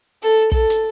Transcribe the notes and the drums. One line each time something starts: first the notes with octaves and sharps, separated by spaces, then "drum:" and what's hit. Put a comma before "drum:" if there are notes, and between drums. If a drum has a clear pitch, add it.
A4
A4, drum: kick
drum: hi-hat